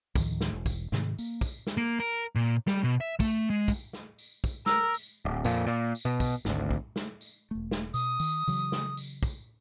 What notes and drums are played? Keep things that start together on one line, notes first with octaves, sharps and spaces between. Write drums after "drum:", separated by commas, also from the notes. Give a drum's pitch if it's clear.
D2 A2 D#3 F3, drum: kick, tambourine
drum: snare
E1
drum: kick, tambourine
G#2 C3 D#3, drum: snare
A#3, drum: tambourine
drum: kick, tambourine
drum: snare
A#3
A#4
A#2
G3, drum: snare
B2
E5
A3, drum: kick, tambourine
G#3
drum: kick, tambourine
drum: snare
drum: tambourine
drum: kick, tambourine
A#4 E6, drum: snare
drum: tambourine
D1
F2 A#2 F3, drum: tambourine
A#2
drum: tambourine
B2
drum: kick, tambourine
G#1 D2, drum: snare
drum: kick
drum: snare
drum: tambourine
E1 A3
drum: snare
B2 D#6, drum: tambourine
D#3, drum: tambourine
C#3 E3 F#3, drum: tambourine
drum: snare
drum: tambourine
drum: kick, tambourine